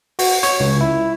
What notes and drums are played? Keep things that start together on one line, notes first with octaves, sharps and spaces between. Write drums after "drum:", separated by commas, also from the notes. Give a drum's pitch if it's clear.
F#4, drum: open hi-hat
C#5, drum: hi-hat
C#2
E4